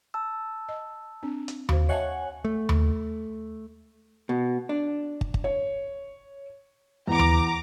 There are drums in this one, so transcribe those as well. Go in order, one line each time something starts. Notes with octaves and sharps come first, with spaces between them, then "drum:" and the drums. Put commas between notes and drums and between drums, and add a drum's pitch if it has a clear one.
A5 E6
D#5
C4 D4
drum: hi-hat
F#4 C5 F5, drum: tom D#2
C#5 D#5 E5 F#5 G#5 A5
A3
drum: tom D#2
B2
D4
drum: kick
drum: kick
C#5
E2 A#5 D6
drum: tom D#2